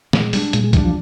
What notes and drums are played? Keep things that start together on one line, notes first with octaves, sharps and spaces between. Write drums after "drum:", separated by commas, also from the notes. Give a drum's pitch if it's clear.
A#2 G#3, drum: snare
G3 A#3 D4, drum: open hi-hat
A#2 G#3, drum: hi-hat
G#3
E3 G3 A#3 D4, drum: kick C2, hi-hat
F3